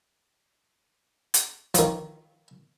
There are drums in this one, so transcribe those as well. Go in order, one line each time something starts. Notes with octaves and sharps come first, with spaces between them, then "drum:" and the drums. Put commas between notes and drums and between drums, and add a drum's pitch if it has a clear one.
drum: hi-hat
D#3 F3, drum: hi-hat